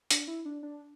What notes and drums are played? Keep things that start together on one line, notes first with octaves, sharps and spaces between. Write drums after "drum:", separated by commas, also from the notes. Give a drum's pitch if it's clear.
D4, drum: hi-hat
E4
D4
D4